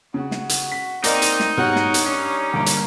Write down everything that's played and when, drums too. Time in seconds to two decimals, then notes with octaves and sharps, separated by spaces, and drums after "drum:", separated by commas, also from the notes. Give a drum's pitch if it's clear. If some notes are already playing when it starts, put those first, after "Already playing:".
0.14 C#3 F#4
0.31 drum: snare
0.49 drum: hi-hat
0.72 B6
1.04 A#3 C4 D#4 A#4 D5 D#5, drum: hi-hat
1.22 drum: hi-hat
1.40 drum: snare
1.57 G3 B3 F#4 A#4 C#5 F#5, drum: tom G#2
1.76 drum: snare
1.94 drum: hi-hat
2.04 G3 C#4 D4
2.54 G1 G2 A#3 D7
2.66 drum: hi-hat